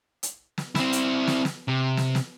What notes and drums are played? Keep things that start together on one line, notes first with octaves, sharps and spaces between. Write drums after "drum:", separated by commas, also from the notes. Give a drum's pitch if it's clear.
drum: hi-hat
drum: snare
C4 E4, drum: snare
drum: hi-hat
drum: snare
drum: snare
C3
drum: snare
drum: snare